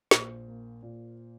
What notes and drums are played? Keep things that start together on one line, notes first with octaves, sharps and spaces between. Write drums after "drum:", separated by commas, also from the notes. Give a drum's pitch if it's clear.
A#1 C5, drum: snare
A#3
A#2